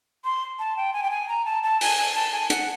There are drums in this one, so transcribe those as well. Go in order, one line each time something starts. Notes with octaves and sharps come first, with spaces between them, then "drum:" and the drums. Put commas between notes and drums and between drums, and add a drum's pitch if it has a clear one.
C6
A5
G5
G#5
G5
G#5
A#5
A5
A5
G#5, drum: open hi-hat
G#5
A5
G#5
F#5, drum: hi-hat